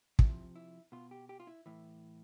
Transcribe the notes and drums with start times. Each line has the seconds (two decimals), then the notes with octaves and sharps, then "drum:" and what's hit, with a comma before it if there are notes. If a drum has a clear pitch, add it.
0.19 C3 F3 E4, drum: kick
0.56 E4
0.92 B2 F4
1.11 G4
1.29 G4
1.40 F4
1.47 E4
1.66 A2 E3